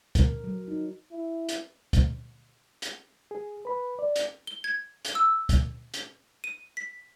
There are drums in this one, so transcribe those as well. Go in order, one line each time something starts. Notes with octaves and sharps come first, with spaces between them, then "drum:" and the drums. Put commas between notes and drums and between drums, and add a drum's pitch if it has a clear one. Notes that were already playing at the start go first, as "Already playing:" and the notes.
A#4, drum: kick, hi-hat
F#3
D#4
E4
drum: hi-hat
drum: kick, hi-hat
drum: hi-hat
G#4
B4 B5
D5
drum: hi-hat
G7
G#6
drum: hi-hat
E6
drum: kick, hi-hat
drum: hi-hat
D#7
B6